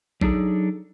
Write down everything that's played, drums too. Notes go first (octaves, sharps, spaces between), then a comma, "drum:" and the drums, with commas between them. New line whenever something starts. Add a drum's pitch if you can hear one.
F#3 D4 D#4 G#4 A4, drum: kick A1